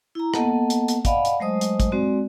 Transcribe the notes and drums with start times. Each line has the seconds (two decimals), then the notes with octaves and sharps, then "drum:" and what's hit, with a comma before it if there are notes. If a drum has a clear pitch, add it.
0.15 E4 A#5
0.34 A#3 B3 A4 D#5 F#5 A5, drum: rim click
0.70 drum: hi-hat
0.88 drum: hi-hat
1.05 D5 D#5 F5 F#5 G#5 B5, drum: kick, hi-hat
1.25 drum: hi-hat
1.40 F#3 G#3 A3 C5 D#5 D#6
1.61 drum: hi-hat
1.80 drum: kick, hi-hat
1.92 G#3 C4 F#4 D5